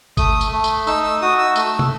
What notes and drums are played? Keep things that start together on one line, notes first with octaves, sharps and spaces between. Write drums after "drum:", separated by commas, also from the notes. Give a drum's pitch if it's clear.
A3 D#6, drum: kick G1, tambourine
drum: tambourine
A3
drum: tambourine
D#4 E6, drum: tambourine
E6
F#4 D#6
E6
A3 E6, drum: tambourine
drum: tom